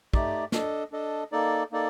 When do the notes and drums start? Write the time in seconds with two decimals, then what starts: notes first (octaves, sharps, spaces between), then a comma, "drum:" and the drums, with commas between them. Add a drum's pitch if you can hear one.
0.14 A3 D#4 G4 D5, drum: kick
0.52 D4 A4 D#5, drum: snare
0.92 D4 A4 D#5
1.32 A#3 D#4 A4 D5
1.71 A#3 D#4 A4 D5